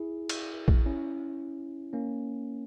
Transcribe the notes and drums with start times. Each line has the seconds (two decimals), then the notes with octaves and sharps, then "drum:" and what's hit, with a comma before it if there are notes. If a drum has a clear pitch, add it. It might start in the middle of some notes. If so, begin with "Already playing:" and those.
Already playing: E4 G#4
0.29 drum: cymbal
0.68 drum: kick
0.86 C#4 E4
1.93 A#3 C#4